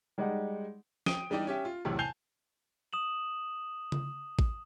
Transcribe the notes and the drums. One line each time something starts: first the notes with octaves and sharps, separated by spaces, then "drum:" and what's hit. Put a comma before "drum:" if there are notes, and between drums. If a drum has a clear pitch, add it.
G3 G#3 D#4 D5 F#5
G5 D#6 D7 D#7 G7, drum: snare
E3 G3 D4 D#4 G4 D5
C#4 G4 E5
F4
B1 E2 A2 C3
G#5 A5 G6 C7 F7 G7
D#6 E7 F#7
drum: tom C#3
drum: kick A1